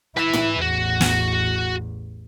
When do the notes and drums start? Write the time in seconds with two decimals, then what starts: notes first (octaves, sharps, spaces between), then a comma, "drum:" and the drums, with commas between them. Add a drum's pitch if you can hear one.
0.17 E4 B4 E5, drum: rim click
0.33 drum: tom
0.61 A1 E2 F#4
1.01 drum: snare